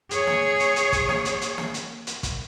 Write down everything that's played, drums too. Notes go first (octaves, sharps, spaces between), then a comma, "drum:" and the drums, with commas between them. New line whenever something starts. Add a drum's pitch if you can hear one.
G#4 C#5, drum: hi-hat
drum: snare
drum: hi-hat
drum: hi-hat
drum: kick, hi-hat
drum: snare
drum: hi-hat
drum: hi-hat
drum: snare
drum: hi-hat
drum: hi-hat
drum: kick, hi-hat